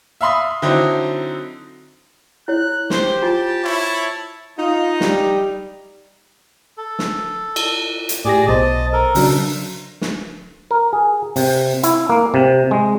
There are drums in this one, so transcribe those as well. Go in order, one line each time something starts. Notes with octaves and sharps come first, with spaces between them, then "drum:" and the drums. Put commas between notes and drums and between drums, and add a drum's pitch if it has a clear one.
E5 F5 B5 C6 D#6 B6
D3 F#3 C4 D#4 E4
E4 C#5 F#6
G4 C5, drum: snare
F4 G#5 A5
E4 C#5
D#4 F4
G3, drum: snare
A4
drum: snare
drum: cymbal
drum: hi-hat
A2 G4 G#4 D5 A#6
B1 B2 C5 D#5 A5
A4 A#4
C#3 F#3 D4, drum: open hi-hat
drum: snare
A#4
G#4
C3, drum: open hi-hat
E4, drum: hi-hat
A#3
C3
G#3